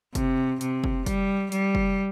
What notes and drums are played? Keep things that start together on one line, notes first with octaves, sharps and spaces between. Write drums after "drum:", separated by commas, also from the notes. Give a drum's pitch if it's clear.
C3, drum: kick, hi-hat
C3, drum: hi-hat
drum: kick
G3, drum: kick, hi-hat
G3, drum: hi-hat
drum: kick